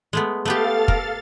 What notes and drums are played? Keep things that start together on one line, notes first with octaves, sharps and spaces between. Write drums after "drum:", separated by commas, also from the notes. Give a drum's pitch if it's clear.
G#3 A3 B3
A3 B3 G4 A4 F5 A6
A#4, drum: kick